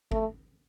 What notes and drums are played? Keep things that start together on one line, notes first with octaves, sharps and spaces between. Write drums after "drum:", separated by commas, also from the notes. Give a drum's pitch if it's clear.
A3, drum: kick G1